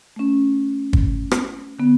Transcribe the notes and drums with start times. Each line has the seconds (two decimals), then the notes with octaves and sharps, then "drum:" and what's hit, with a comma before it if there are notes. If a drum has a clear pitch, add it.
0.16 A3 C#4
0.93 drum: kick G1
1.31 drum: rim click
1.79 D3 B3